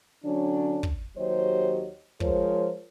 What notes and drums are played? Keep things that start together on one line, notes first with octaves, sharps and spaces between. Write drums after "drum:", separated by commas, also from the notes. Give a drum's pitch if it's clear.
D3 F#3 C#4 D4
drum: kick
D#2 F#3 G4 C5 C#5 D#5
F3 G#3 A#4 C5 C#5, drum: kick